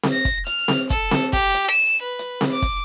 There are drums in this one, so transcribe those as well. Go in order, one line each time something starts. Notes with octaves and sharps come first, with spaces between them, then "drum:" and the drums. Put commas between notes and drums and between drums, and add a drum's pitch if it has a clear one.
drum: snare C4
A#6
drum: kick, hi-hat
F6, drum: hi-hat
drum: snare C4
A4, drum: kick, hi-hat
drum: snare C4
G4, drum: kick, hi-hat
drum: hi-hat
E7
B4
drum: hi-hat
drum: snare C4
D6
drum: kick, hi-hat